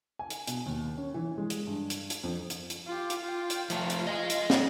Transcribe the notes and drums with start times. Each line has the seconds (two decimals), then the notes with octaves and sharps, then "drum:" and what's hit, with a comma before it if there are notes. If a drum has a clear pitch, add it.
0.19 G#5
0.30 drum: hi-hat
0.47 B2, drum: hi-hat
0.66 D#2
0.97 C#4
1.14 E3
1.38 G#3
1.50 drum: hi-hat
1.67 G2
1.90 drum: hi-hat
2.10 drum: hi-hat
2.23 F2
2.50 drum: hi-hat
2.70 drum: hi-hat
2.87 F4 G4
3.10 drum: hi-hat
3.23 F4 G5
3.50 drum: hi-hat
3.70 F3 A3 F4, drum: hi-hat
3.90 drum: hi-hat
4.07 D#5 G#5
4.30 drum: hi-hat
4.50 drum: snare